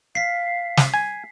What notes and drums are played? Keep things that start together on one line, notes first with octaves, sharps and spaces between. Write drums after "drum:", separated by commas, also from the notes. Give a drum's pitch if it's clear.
F5 B6 C7
drum: snare
G#5